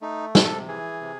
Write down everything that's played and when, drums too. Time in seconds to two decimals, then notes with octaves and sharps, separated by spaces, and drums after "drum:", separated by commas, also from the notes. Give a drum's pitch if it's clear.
0.01 A3 D#4
0.35 C3 A4, drum: snare
0.68 E3 G#4
1.01 C3